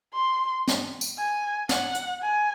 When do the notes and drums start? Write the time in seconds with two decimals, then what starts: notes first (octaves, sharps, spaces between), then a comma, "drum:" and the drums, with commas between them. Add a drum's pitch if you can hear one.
0.13 C6
0.68 drum: snare
1.01 drum: tambourine
1.18 G#5
1.69 F#5, drum: snare
1.94 drum: hi-hat
2.22 G#5